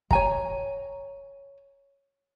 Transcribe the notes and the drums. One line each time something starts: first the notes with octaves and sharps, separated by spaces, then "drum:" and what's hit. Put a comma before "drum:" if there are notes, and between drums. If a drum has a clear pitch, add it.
C#5 G#5 A#5, drum: kick